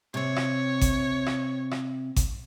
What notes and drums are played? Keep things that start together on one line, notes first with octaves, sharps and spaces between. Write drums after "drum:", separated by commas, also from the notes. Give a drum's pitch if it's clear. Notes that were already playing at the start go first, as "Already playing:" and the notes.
C3 C4 C#5
drum: rim click
drum: kick G#1, hi-hat
drum: rim click
drum: rim click
drum: kick G#1, hi-hat